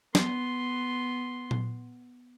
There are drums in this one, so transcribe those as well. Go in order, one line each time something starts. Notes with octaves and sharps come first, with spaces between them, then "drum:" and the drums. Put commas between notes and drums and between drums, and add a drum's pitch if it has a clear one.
B3 C6, drum: snare
drum: tom A#2